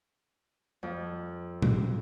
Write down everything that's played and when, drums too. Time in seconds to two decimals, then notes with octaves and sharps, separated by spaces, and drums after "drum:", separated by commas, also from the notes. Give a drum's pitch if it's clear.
0.83 F2
1.62 drum: tom